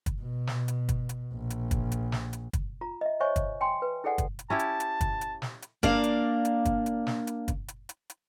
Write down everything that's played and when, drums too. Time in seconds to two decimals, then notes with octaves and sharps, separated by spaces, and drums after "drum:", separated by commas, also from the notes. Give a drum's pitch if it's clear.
0.06 drum: kick, hi-hat
0.22 B2
0.47 drum: snare
0.68 drum: hi-hat
0.89 drum: kick, hi-hat
1.09 drum: hi-hat
1.33 A#1
1.50 drum: hi-hat
1.71 drum: kick, hi-hat
1.92 drum: hi-hat
2.12 drum: snare
2.33 drum: hi-hat
2.53 drum: kick, hi-hat
2.81 F4 A#5
3.01 D#5 E5
3.20 C5 C#5 D#5 E5 G#5 C#6
3.36 drum: kick, hi-hat
3.61 G5 G#5 C6
3.82 B4
4.04 E4 G#4 A4 D5 F#5 G#5
4.18 drum: kick, hi-hat
4.39 drum: hi-hat
4.50 C#4 E4 G4 A5
4.59 drum: hi-hat
4.80 drum: hi-hat
5.01 drum: kick, hi-hat
5.21 drum: hi-hat
5.42 drum: snare
5.62 drum: hi-hat
5.83 A#3 D4 A#4 D5 F5, drum: kick, hi-hat
6.04 drum: hi-hat
6.45 drum: hi-hat
6.65 drum: kick, hi-hat
6.86 drum: hi-hat
7.07 drum: snare
7.27 drum: hi-hat
7.48 drum: kick, hi-hat
7.68 drum: hi-hat
7.89 drum: hi-hat
8.10 drum: hi-hat